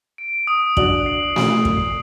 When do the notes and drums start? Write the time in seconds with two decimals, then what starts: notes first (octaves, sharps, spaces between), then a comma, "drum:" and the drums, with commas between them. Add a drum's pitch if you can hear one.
0.18 D7
0.47 D#6
0.77 D4 F#4 F#7, drum: kick
1.06 C7
1.36 F#7, drum: snare A3
1.65 C7, drum: kick